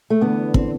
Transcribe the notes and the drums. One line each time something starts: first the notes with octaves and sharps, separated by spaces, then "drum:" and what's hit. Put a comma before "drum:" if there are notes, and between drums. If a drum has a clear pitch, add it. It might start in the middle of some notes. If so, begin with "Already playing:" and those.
A3
E2 D3 B3
C4, drum: kick